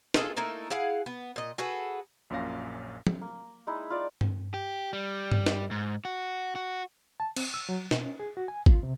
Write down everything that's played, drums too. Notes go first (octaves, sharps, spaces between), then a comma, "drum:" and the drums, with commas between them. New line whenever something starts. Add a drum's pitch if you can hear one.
F4 G#4 A4 D#5, drum: snare
A3 A#3 D#4 E4
E4 G#4 F5 F#5
B3
A#2 D#5
F#4 G#4 A4 B4
A#1 F#2 A#2 C#4 F5 A#6
drum: tom
A#3
G#3 D#4 E4
F4 D5
drum: tom G2
G4
G3
drum: tom G2
drum: snare
G#2
F#4
F#4
A5
C4, drum: cymbal
E6
F#3
B2, drum: snare
C#4
G#4
F#4
G#5
F4, drum: kick G#1
C3